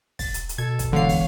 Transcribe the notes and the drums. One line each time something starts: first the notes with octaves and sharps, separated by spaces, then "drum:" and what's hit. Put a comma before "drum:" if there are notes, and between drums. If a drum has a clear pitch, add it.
A6, drum: kick, open hi-hat
drum: hi-hat
drum: hi-hat
B2 A4 G#6
drum: kick, hi-hat
D3 E3 G#3 B3 C#5 F5 C7
drum: kick, open hi-hat